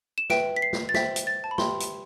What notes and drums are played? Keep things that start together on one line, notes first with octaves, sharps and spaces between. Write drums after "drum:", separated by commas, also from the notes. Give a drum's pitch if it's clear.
E7
B4 E5 G5 D7, drum: snare
B6
C7
drum: snare
A6
C5 E5 G5 B6, drum: snare
drum: hi-hat
A6
A5
B5
G4 B4 E5 G5 C6, drum: snare
drum: hi-hat